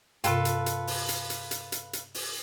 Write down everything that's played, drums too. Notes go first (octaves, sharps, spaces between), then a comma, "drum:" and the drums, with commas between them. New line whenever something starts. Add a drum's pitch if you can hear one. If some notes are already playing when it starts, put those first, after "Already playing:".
G2 C3 F4 A4 B4, drum: hi-hat
drum: hi-hat
drum: hi-hat
drum: open hi-hat
drum: hi-hat
drum: hi-hat
drum: hi-hat
drum: hi-hat
drum: hi-hat
drum: open hi-hat